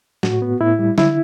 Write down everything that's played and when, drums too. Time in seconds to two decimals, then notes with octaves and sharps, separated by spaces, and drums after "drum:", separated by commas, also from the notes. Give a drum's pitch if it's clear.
0.23 A2 F#4, drum: snare
0.42 B3
0.60 A2 E4
0.79 G3
0.98 D3 E4, drum: snare